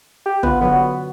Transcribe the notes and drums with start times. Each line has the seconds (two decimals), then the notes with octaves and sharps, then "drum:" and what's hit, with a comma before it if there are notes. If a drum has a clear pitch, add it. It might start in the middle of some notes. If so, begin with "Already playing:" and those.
0.26 G4
0.43 B3 F4 B4, drum: tom
0.61 D3 F#3 B3 F#4